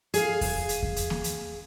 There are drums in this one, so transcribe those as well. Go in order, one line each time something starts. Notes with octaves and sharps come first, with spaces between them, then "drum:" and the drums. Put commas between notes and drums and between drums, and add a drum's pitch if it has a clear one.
G#4 F5, drum: hi-hat
drum: kick E2, open hi-hat
drum: hi-hat
drum: kick E2
drum: hi-hat
drum: snare A#3
drum: hi-hat